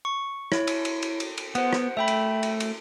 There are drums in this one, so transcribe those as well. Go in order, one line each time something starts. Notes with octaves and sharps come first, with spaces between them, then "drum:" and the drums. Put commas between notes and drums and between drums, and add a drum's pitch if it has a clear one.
C#6
E4 C#5, drum: rim click
drum: cymbal
drum: cymbal
drum: cymbal
drum: cymbal
drum: cymbal
B3 C5 F#5, drum: cymbal
drum: rim click
A3 E5 G5 B5
drum: cymbal
drum: cymbal
drum: cymbal